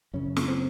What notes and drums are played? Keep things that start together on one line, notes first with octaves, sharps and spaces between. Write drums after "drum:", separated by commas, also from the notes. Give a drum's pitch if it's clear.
F#2 C#3 C#4
drum: snare
C4